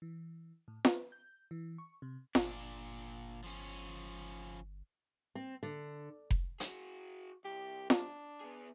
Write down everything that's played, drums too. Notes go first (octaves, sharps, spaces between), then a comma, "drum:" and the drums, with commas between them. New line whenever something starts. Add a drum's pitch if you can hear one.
E3
A2
B4, drum: snare
G6
E3
C#6
C3
G1 A#2 D4, drum: snare
F3 C#4
C4
D3
drum: kick F1
F#4 G#4, drum: hi-hat
C2 G4
D4, drum: snare
B3 G#4